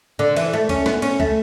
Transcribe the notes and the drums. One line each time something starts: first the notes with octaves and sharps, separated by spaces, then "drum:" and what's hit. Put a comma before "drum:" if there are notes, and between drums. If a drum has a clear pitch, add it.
D3
E3, drum: cymbal
A3
C#4, drum: kick C2, cymbal
B3, drum: snare
C#4, drum: cymbal
A3, drum: kick C2